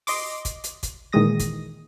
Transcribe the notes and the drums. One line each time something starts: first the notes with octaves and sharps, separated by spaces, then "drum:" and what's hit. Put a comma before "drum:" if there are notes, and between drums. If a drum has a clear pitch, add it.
D#5 C6 D6, drum: open hi-hat
drum: kick, hi-hat
drum: hi-hat
drum: kick, hi-hat
A#2 D#3 E3 G#3 D#6 A#6
drum: kick, hi-hat